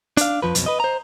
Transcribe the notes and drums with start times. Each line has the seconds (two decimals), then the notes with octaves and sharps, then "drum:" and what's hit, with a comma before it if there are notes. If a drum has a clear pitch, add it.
0.17 D4 F5, drum: hi-hat
0.42 F2 F3 B4
0.55 B1 F2 B2, drum: hi-hat
0.66 B4 D#5
0.80 C5 A#5